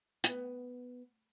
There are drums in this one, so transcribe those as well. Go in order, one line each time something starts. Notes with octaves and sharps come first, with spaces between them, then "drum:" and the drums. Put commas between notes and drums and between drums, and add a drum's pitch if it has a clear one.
B3, drum: hi-hat